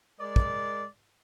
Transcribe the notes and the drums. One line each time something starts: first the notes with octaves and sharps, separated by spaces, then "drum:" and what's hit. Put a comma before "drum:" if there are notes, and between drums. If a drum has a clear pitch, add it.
G#3 A#4 D5
drum: kick